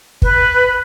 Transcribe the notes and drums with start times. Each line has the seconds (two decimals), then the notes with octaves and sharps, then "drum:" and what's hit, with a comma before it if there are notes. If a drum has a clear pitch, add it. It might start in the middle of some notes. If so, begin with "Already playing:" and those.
0.22 B4, drum: kick